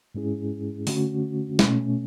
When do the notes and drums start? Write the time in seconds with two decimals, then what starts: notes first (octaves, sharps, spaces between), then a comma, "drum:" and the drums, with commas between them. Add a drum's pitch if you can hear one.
0.15 G#2 G#3 C#4 E4 G#4
0.87 D3 A3 C#4 F#4, drum: open hi-hat
1.59 B2 A3 C#4, drum: snare